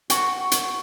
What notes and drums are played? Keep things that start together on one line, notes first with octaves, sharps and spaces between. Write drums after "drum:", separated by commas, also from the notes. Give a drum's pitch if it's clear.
F#4, drum: hi-hat
drum: hi-hat